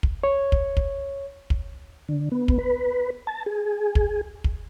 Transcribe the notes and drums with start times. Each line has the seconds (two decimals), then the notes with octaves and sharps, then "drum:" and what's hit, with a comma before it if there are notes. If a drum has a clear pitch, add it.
0.03 drum: kick
0.23 C#5
0.52 drum: kick
0.77 drum: kick
1.50 drum: kick
2.09 D3
2.32 B3
2.48 drum: kick
2.58 B4
3.27 A5
3.46 G#4
3.95 drum: kick
4.44 drum: kick